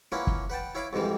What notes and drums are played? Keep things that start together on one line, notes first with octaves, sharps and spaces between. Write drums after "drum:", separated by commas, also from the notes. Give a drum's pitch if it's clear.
A#3 C#4 E4 F4 B4 F#5
drum: kick
B4 F#5 G5 A5
E4 C#5 F5 B5 D6
F2 G#2 C3 E3 G3